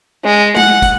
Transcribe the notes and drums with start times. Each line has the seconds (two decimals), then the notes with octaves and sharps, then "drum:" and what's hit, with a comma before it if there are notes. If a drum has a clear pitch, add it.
0.25 G#3
0.57 F#5, drum: tom G#3
0.82 drum: kick, hi-hat